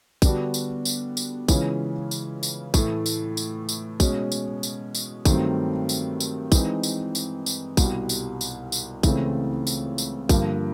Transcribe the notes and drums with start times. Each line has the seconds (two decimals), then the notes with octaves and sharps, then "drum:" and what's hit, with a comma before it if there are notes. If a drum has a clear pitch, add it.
0.22 D3 G3 B3 D4 F#4, drum: kick, tambourine
0.54 drum: tambourine
0.85 drum: tambourine
1.17 drum: tambourine
1.48 C#3 E3 G#3 C#4 F4, drum: kick, tambourine
2.11 drum: tambourine
2.43 drum: tambourine
2.74 A2 E3 A3, drum: kick, tambourine
3.06 drum: tambourine
3.37 drum: tambourine
3.69 drum: tambourine
4.00 B2 G#3 C#4, drum: kick, tambourine
4.32 drum: tambourine
4.63 drum: tambourine
4.95 drum: tambourine
5.25 G2 D#3 F#3 A3 C4, drum: kick, tambourine
5.89 drum: tambourine
6.20 drum: tambourine
6.52 E3 G#3 C4 D#4, drum: kick, tambourine
6.83 drum: tambourine
7.15 drum: tambourine
7.46 drum: tambourine
7.77 C2 B2 G3, drum: kick, tambourine
8.09 drum: tambourine
8.41 drum: tambourine
8.72 drum: tambourine
9.03 C#2 C#3 E3 A3 C4, drum: kick, tambourine
9.67 drum: tambourine
9.98 drum: tambourine
10.29 G2 D3 F3 A#3, drum: kick, tambourine